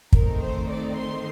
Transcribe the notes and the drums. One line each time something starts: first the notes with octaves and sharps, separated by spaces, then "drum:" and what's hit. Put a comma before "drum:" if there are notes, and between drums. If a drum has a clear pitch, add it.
D#3 A3 C4 D#4 A#4, drum: kick
C5
D5
C6